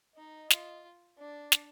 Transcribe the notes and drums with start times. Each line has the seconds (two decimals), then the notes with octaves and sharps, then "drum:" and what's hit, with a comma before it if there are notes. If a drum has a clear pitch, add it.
0.16 D#4 D#5
0.50 F4, drum: snare
1.18 D4 D5
1.52 drum: snare